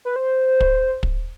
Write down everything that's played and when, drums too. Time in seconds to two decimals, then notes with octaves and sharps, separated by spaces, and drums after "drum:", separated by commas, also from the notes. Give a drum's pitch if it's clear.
0.05 B4
0.16 C5
0.60 drum: kick
1.03 drum: kick